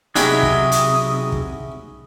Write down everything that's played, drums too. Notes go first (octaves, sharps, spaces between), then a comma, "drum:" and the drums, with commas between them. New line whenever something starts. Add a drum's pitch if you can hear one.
C3 F#3 C#4 D#4 E4 G4 G#4 D#6, drum: hi-hat
drum: kick
drum: hi-hat
drum: kick